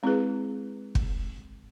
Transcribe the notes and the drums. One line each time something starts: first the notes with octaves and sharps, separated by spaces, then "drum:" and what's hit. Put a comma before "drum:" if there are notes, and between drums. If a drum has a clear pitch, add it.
G#3 C4 E4 G#4 B4
drum: kick